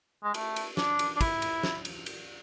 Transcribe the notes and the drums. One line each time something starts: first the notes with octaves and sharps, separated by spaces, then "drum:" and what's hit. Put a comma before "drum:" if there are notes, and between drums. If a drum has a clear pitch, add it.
G#3
A3, drum: cymbal
drum: cymbal
D4, drum: snare
drum: cymbal
D4
E4, drum: kick, cymbal
drum: cymbal
drum: snare
drum: cymbal
drum: cymbal